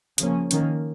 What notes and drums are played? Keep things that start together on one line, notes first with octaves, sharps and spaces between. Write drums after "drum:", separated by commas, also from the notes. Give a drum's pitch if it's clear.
C#3 F3 A#3 C#4, drum: hi-hat
D#3 A#3 C#4, drum: hi-hat